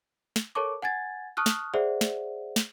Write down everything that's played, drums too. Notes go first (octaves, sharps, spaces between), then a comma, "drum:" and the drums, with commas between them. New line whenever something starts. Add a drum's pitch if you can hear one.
drum: snare
A4 A#4 C#5 A5 C#6 D6
F#5 G#5 G#6 A6
A5 C#6 D#6 F6 F#6
drum: snare
G#4 C5 D5 E5 F#5
drum: snare
drum: snare